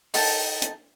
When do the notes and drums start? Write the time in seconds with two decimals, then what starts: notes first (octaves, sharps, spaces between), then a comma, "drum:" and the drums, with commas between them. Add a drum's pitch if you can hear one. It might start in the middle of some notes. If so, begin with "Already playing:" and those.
0.14 D#4 A4 G5 A5, drum: open hi-hat
0.62 drum: hi-hat